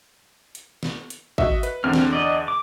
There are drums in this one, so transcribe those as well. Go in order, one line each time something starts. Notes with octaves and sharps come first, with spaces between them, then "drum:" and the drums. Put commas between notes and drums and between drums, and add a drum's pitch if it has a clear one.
drum: hi-hat
drum: snare
drum: hi-hat
F#4 D#5 E5, drum: kick
B4, drum: hi-hat
E2 D3 C4 F6
drum: snare
D5 D#5
D6